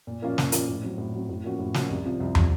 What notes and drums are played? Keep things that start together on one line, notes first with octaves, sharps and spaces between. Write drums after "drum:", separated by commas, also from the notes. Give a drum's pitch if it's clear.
A#2
F3 A#3 C#4 F4
A#2, drum: snare
F3 A#3 C#4 F4, drum: hi-hat
A2
F#3 C4
A2
F#3 C4
A2
F3 A#3 C#4 F#4
A2
F3 A#3 C#4 F#4, drum: snare
C2
C3 F3
C2
C3 F3, drum: tom